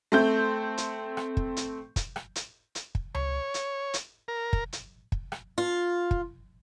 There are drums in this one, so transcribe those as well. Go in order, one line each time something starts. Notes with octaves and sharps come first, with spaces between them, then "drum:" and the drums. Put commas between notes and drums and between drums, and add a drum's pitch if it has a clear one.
A3 C4 G6
drum: hi-hat
drum: rim click
drum: kick
drum: hi-hat
drum: kick, hi-hat
drum: rim click
drum: hi-hat
drum: hi-hat
drum: kick
C#5, drum: tom C#2
drum: hi-hat
drum: hi-hat
A#4
drum: kick
drum: hi-hat
drum: kick
drum: rim click
F4
drum: kick